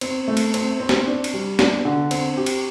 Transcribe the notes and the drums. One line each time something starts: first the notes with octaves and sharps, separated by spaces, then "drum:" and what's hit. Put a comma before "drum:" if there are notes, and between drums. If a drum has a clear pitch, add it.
C4, drum: cymbal
A3
drum: cymbal
C4, drum: cymbal
C4
drum: snare
D4
drum: cymbal
G3
D4, drum: snare
D3
C4, drum: cymbal
G4
drum: cymbal